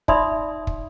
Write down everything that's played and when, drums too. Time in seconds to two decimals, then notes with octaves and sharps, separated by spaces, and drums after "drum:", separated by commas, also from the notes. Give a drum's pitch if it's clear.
0.08 D#4 D5 E5 B5 C6 D#6, drum: kick
0.67 drum: kick